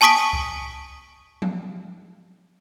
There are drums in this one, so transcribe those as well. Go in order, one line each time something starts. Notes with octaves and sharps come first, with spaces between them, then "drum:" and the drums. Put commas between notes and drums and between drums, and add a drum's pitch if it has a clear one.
G#5 A5 C#6 D#6 B6 D7
drum: hi-hat
drum: kick C#2
drum: tom F3